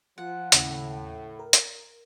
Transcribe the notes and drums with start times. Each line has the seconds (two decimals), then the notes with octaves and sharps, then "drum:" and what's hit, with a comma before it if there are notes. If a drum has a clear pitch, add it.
0.18 F3 F4 F#5
0.52 D#2 A2 C#3, drum: hi-hat
1.39 A#4
1.53 drum: hi-hat